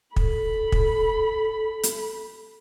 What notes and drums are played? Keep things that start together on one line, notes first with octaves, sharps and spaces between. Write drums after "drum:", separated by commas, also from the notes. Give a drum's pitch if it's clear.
A4 B5, drum: kick
drum: kick
drum: hi-hat